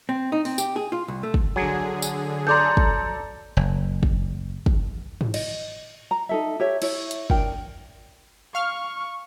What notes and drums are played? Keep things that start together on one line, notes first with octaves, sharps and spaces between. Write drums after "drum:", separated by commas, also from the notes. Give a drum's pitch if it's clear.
C4
D#4
C4, drum: open hi-hat
G4, drum: tambourine
G#4
F4
C2
A3
drum: kick
D3 F#3 G#4 G#5
drum: tambourine
A4 D5 A#5 C6 D6 G6
drum: kick
F#1
drum: kick
drum: kick
drum: tom G#2
D#5, drum: cymbal
A#5
D#4 A4 E5
G4 C#5 E5
E4 C#5, drum: cymbal
drum: hi-hat
D4 A#4 G5, drum: kick
F5 C#6 F6